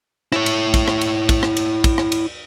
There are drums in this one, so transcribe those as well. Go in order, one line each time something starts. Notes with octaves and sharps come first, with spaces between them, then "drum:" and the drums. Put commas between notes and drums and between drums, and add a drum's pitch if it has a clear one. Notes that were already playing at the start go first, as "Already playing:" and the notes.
E4 C#5, drum: rim click
drum: cymbal
drum: kick, cymbal
drum: rim click
drum: cymbal
drum: kick, cymbal
drum: rim click
drum: cymbal
drum: kick, cymbal
drum: rim click
drum: cymbal